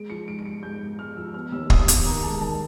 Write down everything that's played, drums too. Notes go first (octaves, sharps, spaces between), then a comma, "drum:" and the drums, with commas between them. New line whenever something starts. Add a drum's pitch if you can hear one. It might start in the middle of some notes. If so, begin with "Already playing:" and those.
Already playing: G#3 D7
F3 C#7
G#2 D7
D7
G#2 C#7
G#2 G6
G#2
G#3 F6
F3 E6
B3 F6
D#2 E6
D#2 D#6, drum: kick
D#6
B3 D6, drum: hi-hat
D#3 A#5
G#3 A5
D#3 A5